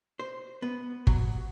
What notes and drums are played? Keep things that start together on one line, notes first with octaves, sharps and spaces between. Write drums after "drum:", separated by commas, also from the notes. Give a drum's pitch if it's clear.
C5
B3
B2 F#3, drum: kick G1